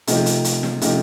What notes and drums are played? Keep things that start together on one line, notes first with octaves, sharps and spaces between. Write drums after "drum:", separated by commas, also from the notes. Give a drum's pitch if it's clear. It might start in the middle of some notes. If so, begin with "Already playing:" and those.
C3 F3 A3 D#4 G4, drum: hi-hat
drum: hi-hat
drum: hi-hat
drum: snare
C3 F3 A3 D#4 G4, drum: hi-hat